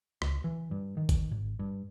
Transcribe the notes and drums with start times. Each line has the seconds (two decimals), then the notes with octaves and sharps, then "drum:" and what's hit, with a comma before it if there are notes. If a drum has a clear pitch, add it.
0.22 C#2, drum: rim click
0.44 E3
0.71 G2
0.97 D#3
1.09 drum: kick, hi-hat
1.31 G#1
1.59 G2